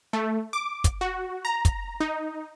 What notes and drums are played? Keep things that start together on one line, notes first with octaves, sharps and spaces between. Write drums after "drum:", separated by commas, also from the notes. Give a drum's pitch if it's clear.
A3
D6
drum: kick, hi-hat
F#4
A#5
drum: kick, hi-hat
D#4